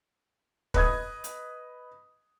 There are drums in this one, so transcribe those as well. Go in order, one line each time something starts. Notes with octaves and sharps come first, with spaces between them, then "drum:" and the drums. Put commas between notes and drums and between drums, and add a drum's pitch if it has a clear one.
B4 D#5 D#6 G#6, drum: kick
drum: hi-hat